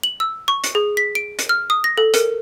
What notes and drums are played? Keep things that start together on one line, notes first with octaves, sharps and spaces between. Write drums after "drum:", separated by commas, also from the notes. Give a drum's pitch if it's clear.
F#7
E6
C#6
drum: hi-hat
G#4
B6
D7
drum: hi-hat
F6
D#6
A#6
A4
A#4, drum: hi-hat